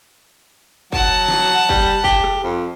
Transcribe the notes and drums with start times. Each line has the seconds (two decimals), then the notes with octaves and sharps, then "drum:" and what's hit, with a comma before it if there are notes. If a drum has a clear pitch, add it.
0.92 F#3 F#5 A5, drum: kick
1.28 drum: snare
1.69 G3, drum: kick
2.04 G4, drum: kick
2.24 drum: rim click
2.43 F2